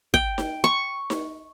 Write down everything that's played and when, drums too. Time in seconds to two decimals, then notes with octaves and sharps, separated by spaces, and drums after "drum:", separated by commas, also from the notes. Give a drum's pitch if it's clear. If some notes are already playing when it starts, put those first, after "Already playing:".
0.14 G5, drum: kick
0.38 drum: snare D#4
0.64 C#6
1.10 drum: snare D#4